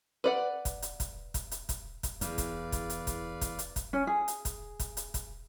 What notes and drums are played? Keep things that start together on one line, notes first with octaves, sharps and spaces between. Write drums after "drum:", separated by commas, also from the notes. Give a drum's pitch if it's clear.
B4 D5 F#5
drum: kick, hi-hat
drum: hi-hat
drum: kick, hi-hat
drum: kick, hi-hat
drum: hi-hat
drum: kick, hi-hat
drum: kick, hi-hat
E2 E4 G#4 B4 D5 F5, drum: hi-hat
drum: kick, hi-hat
drum: kick, hi-hat
drum: hi-hat
drum: kick, hi-hat
drum: kick, hi-hat
drum: hi-hat
drum: kick, hi-hat
C#4
G#4
drum: hi-hat
drum: kick, hi-hat
drum: kick, hi-hat
drum: hi-hat
drum: kick, hi-hat